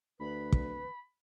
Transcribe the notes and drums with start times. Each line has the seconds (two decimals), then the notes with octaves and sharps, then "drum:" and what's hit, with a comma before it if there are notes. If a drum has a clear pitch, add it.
0.20 D2 B4 B5
0.52 drum: kick